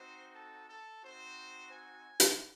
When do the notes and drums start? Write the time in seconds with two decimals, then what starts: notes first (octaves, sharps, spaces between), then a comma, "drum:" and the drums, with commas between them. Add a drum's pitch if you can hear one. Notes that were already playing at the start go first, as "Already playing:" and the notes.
Already playing: C4 D#4 F#4 C5
0.35 A4
0.70 A4
1.03 C4 D#4 F#4 C5
1.72 G#5
2.20 drum: hi-hat